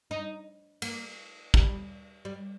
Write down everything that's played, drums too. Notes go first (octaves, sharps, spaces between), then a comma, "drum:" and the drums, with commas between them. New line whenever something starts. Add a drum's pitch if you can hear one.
D#4
A#3, drum: cymbal
G3, drum: kick
G3